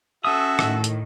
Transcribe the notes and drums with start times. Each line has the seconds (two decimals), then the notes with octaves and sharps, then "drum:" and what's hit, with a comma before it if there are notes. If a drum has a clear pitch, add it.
0.25 C#4 F#4 A4 E5 D#6
0.59 A2 D#3, drum: rim click
0.84 drum: hi-hat